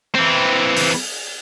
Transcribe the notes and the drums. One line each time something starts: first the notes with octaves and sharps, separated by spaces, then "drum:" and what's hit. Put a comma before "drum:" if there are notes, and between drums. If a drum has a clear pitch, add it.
E3 C4
drum: open hi-hat